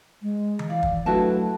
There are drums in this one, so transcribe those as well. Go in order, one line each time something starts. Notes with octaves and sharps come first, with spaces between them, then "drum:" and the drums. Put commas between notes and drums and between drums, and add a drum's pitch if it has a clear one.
G#3
drum: tom D#3
E3 D5 F5
drum: kick
F#3 A3 D4 E4 F#4 B4 A5